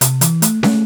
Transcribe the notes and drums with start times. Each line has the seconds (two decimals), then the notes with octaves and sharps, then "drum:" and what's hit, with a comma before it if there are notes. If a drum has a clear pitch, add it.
0.01 C3, drum: hi-hat
0.21 E3, drum: hi-hat
0.42 A3, drum: hi-hat
0.63 A3, drum: snare